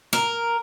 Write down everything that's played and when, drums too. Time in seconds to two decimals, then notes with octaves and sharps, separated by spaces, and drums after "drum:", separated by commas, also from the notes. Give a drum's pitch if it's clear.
0.13 A#4, drum: snare